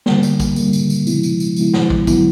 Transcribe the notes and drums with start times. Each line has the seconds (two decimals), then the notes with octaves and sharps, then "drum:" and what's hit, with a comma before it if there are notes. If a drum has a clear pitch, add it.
0.06 D3 G3 A#3, drum: snare
0.23 drum: tambourine
0.40 drum: kick, tambourine
0.56 D3 G3 A#3, drum: tambourine
0.73 drum: tambourine
0.90 drum: tambourine
1.07 C#3 F3 G#3 B3 E4, drum: tambourine
1.23 drum: tambourine
1.40 drum: tambourine
1.56 C#3 F3 G#3 B3 E4, drum: tambourine
1.74 drum: snare
1.90 drum: kick
2.07 D3 F#3 B3 E4, drum: kick, tambourine